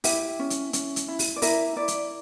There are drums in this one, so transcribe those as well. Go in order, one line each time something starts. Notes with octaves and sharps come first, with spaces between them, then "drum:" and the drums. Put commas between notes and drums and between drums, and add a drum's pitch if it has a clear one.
E4 G4 E5, drum: open hi-hat
C#4
drum: hi-hat
C#4, drum: hi-hat
drum: hi-hat
E4
drum: open hi-hat
D5
E4 A#4 E5, drum: open hi-hat
E4 D5
drum: hi-hat